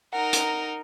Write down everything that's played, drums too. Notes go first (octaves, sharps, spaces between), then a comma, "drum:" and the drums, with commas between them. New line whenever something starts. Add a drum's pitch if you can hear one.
D#4 A#4 F#5
drum: hi-hat